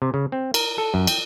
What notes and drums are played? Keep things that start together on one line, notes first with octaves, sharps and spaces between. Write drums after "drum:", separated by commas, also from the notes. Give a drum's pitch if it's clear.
C3
C#3
C4
A#4, drum: cymbal
A4
F#2
G5, drum: cymbal